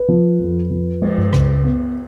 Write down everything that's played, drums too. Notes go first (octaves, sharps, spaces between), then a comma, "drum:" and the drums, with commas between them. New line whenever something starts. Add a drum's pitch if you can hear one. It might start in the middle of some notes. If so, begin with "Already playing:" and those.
Already playing: B4
F3
F2
F3
G#3, drum: cymbal
drum: tom G2
C#2, drum: rim click
B3